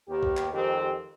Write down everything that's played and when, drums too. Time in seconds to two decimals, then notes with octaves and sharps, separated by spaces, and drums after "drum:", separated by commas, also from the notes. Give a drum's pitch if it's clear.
0.08 D#2 D#3 B3 G4
0.23 drum: kick B1
0.37 drum: clap
0.51 F2 D#3 G#3 C4